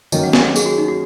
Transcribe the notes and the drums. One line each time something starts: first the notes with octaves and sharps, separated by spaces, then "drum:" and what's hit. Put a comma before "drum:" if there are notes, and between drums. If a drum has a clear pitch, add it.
D#3 F#3 A#3 C#4 D#5, drum: tambourine
F#5
G#5, drum: snare
F#5
G#4, drum: tambourine
F#4
D#4
F#4